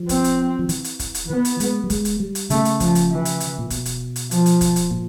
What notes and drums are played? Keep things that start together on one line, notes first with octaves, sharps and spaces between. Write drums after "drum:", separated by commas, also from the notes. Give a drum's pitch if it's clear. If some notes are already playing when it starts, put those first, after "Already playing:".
Already playing: F3
C4, drum: kick, hi-hat
drum: hi-hat
F3
E3, drum: hi-hat
drum: hi-hat
drum: kick, hi-hat
drum: hi-hat
E3 B3
drum: hi-hat
G#3, drum: hi-hat
G3
G#3, drum: kick, hi-hat
drum: hi-hat
G3
drum: hi-hat
C#3 A3, drum: hi-hat
drum: hi-hat
F3, drum: kick, hi-hat
drum: hi-hat
E3
drum: hi-hat
drum: hi-hat
A#2
B2, drum: kick, hi-hat
drum: hi-hat
drum: hi-hat
F3, drum: hi-hat
drum: hi-hat
drum: kick, hi-hat
drum: hi-hat
A#2